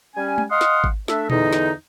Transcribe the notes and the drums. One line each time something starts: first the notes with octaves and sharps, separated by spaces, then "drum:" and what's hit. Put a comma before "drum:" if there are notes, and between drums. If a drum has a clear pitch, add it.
G3 C#4 G#5
drum: tom
D#5 F5 F#5 C6 D#6
drum: snare
drum: kick G#1
A3 D4 E5, drum: snare
E2 D3 D#4, drum: tom A#2
drum: snare